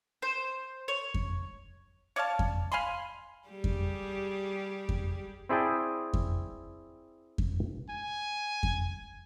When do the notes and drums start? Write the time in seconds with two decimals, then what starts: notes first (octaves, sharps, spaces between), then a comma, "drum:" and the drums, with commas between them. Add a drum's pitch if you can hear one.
0.22 C5
0.88 C#5
1.14 drum: kick F2
2.16 C#5 D5 F5 A5
2.39 drum: kick F2
2.72 F5 G#5 B5 C6
3.48 G3 G4 G#4
3.64 drum: kick F2
4.89 drum: kick F2
5.49 C4 E4 G#4 D5 G5 A5
6.13 drum: kick F2
7.38 drum: kick F2
7.89 G#5
8.63 drum: kick F2